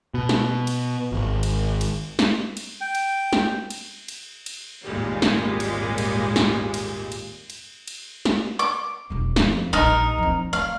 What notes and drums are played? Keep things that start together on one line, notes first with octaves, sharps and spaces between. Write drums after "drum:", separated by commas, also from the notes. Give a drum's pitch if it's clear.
B2
drum: snare
drum: cymbal
G#1
drum: cymbal
drum: cymbal
drum: snare
drum: cymbal
G5
drum: cymbal
drum: snare
drum: cymbal
drum: cymbal
drum: cymbal
G#1 D#2 A#2 G3 G#3
drum: snare
drum: cymbal
drum: cymbal
drum: snare
drum: cymbal
drum: cymbal
drum: cymbal
drum: cymbal
drum: snare
D6
E1 G3
F2, drum: snare
A#1 G3 D#4 A#4
F3 C4
A3 F5